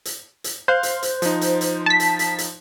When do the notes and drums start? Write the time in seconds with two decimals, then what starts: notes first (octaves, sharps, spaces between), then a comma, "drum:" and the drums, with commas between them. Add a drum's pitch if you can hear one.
0.05 drum: hi-hat
0.44 drum: hi-hat
0.68 C5 F5 F#6 G6
0.83 drum: hi-hat
1.03 drum: hi-hat
1.22 F3 D#4, drum: hi-hat
1.41 drum: hi-hat
1.61 drum: hi-hat
1.86 A5 B6
2.00 drum: hi-hat
2.19 drum: hi-hat
2.38 drum: hi-hat